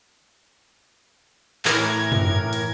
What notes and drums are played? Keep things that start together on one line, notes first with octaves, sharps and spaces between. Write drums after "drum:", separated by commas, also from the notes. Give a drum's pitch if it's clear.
A2 E3 A#4 G#6, drum: clap
drum: tom F#2
drum: hi-hat